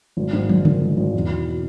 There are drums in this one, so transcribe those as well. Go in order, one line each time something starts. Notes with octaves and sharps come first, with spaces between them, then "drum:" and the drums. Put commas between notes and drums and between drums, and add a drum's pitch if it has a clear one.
G#1
G#2
G#1, drum: tom
D#3, drum: tom C#3
G#1
G#1
E2
B2